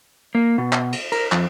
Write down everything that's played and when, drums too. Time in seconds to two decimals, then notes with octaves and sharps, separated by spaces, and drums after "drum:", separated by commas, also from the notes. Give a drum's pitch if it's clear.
0.35 A#3
0.58 B2
0.73 drum: clap
0.92 drum: cymbal
1.12 A#4, drum: cymbal
1.32 F2, drum: clap